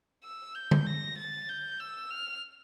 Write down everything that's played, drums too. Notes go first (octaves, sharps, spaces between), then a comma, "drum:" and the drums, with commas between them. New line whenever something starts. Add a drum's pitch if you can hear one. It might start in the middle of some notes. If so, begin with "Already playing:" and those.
E6
G6
drum: tom D3
A#6
A6
G6
E6
F6